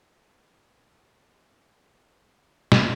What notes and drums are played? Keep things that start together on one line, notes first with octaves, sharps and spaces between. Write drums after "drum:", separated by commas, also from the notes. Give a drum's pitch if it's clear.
D#4
drum: snare